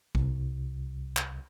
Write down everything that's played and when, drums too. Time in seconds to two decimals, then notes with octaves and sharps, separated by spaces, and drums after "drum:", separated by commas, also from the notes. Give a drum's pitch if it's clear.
0.15 C2, drum: kick A#1
1.17 drum: clap